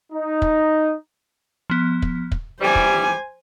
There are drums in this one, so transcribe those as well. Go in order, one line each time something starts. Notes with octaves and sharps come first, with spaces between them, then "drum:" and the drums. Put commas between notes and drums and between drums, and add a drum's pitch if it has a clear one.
D#4
drum: kick
F3 B3
drum: kick
drum: kick
E3 G3 C5 G#5
drum: kick